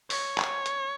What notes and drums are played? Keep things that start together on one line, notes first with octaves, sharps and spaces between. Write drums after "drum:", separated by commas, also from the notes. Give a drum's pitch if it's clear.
C#5, drum: open hi-hat
drum: clap
drum: hi-hat